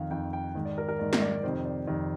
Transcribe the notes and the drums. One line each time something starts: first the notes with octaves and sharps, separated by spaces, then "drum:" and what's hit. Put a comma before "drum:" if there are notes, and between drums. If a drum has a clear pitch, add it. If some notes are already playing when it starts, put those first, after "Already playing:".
Already playing: F2 D#3 F5
F2 D#3 G5
G5
G#2 D#3
D5
A#4
A#4
G#2 D#3 D5
drum: snare
D5
F2 C3 D#3 C5
D5
F2 C3 D#3